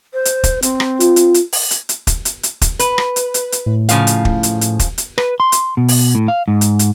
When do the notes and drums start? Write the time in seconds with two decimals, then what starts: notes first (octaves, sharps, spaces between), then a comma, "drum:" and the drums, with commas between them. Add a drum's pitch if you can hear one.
0.13 C5
0.25 drum: hi-hat
0.44 drum: kick, hi-hat
0.62 C4, drum: hi-hat
0.80 drum: rim click
1.00 F4, drum: hi-hat
1.16 drum: hi-hat
1.34 drum: hi-hat
1.53 drum: open hi-hat
1.71 drum: hi-hat
1.89 drum: hi-hat
2.07 drum: kick, hi-hat
2.25 drum: hi-hat
2.43 drum: hi-hat
2.62 drum: kick, hi-hat
2.79 B4, drum: hi-hat
2.98 drum: rim click
3.16 drum: hi-hat
3.34 drum: hi-hat
3.52 drum: hi-hat
3.66 A2
3.89 C#3 F3 F5, drum: hi-hat
4.07 drum: hi-hat
4.25 drum: kick
4.43 drum: hi-hat
4.61 drum: hi-hat
4.79 drum: kick, hi-hat
4.98 drum: hi-hat
5.18 B4, drum: rim click
5.40 C6
5.52 drum: hi-hat
5.77 B2
5.88 drum: open hi-hat
6.15 A2
6.28 F5
6.48 G#2
6.61 drum: hi-hat
6.79 drum: hi-hat